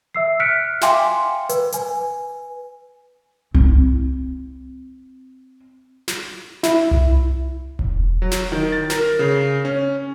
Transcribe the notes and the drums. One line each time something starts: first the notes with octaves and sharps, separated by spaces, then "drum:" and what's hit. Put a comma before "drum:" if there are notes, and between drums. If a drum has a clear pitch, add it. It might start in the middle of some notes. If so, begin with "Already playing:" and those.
E5 E6 C7
F6 F#6 B6 C#7 D7
E5 F5 G5 G#5 C6 D6, drum: snare
B4, drum: hi-hat
B4 G#5, drum: hi-hat
C4 E4, drum: tom C2
drum: snare
E4, drum: snare
drum: tom C2
drum: kick E1
F#3
drum: snare
D#3, drum: tom D#4
A6
A#4, drum: snare
C#3
C#4